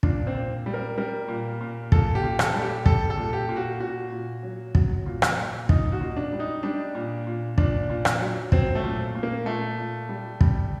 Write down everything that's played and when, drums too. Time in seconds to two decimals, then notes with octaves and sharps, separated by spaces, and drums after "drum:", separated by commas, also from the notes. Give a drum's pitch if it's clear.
0.03 A#2 D4, drum: kick
0.27 C4
0.35 A#2
0.66 G3
0.74 A#4
0.98 G3 A#4
1.28 A#2
1.61 A#2
1.92 A#2 A4, drum: kick
2.15 G4
2.23 A#2
2.39 A4, drum: rim click
2.54 G3
2.62 G4
2.86 G3 A4, drum: kick
3.10 A4
3.17 A#2
3.33 G4
3.49 A#2
3.56 F#4
3.80 A#2 F#4
4.12 A#2
4.43 F#3
4.75 F#3, drum: kick
5.06 A#2
5.22 drum: rim click
5.38 A#2
5.69 A#2 D#4, drum: kick
5.92 F#4
6.01 A#2
6.16 D4
6.33 G3
6.40 D#4
6.63 G3 D4
6.95 A#2
7.27 A#2
7.58 A#2 D4, drum: kick
7.90 A#2
8.05 drum: rim click
8.21 F#3
8.52 F#3 C4, drum: kick
8.75 A3
8.84 A#2
9.15 A#2
9.23 A#3
9.46 A#2 A3
9.78 A#2
10.09 G3
10.41 G3, drum: kick